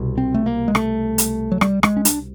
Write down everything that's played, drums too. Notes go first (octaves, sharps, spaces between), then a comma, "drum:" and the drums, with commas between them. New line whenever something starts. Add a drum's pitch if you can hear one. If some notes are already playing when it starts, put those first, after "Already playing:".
Already playing: C2 B2
C4
A3
A#3
G#3
A3, drum: rim click
drum: hi-hat
F#3
G3, drum: rim click
G#3, drum: rim click
C#4
D4, drum: hi-hat